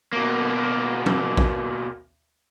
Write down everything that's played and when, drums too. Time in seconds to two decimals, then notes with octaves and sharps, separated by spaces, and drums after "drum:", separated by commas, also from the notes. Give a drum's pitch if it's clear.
0.13 B2 A#3
1.06 drum: tom F#3
1.37 drum: kick A#1